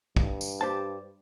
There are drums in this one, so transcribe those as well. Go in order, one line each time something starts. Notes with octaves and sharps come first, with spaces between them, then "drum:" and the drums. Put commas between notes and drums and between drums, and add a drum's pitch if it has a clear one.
G2, drum: kick
drum: tambourine
G4 C5 A5